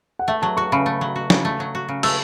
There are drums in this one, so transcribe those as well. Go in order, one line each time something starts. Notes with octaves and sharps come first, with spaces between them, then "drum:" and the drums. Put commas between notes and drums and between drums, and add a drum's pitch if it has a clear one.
F#5
A3 E5
F#3 A5
F#4 C#6
C#3 B5
A3
F#3
F#4
C#3, drum: snare
A3
F#3
F#4
C#3
A3 E6, drum: cymbal